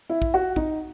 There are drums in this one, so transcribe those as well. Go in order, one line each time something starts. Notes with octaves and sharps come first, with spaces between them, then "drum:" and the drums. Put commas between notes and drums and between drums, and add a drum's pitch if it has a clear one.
E4
drum: kick
F#4
D#4, drum: kick